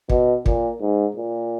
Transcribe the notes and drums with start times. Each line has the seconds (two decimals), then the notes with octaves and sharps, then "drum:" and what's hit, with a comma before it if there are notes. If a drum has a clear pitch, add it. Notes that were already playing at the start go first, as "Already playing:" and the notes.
0.10 B2, drum: kick
0.46 A#2, drum: kick
0.81 G#2
1.16 A#2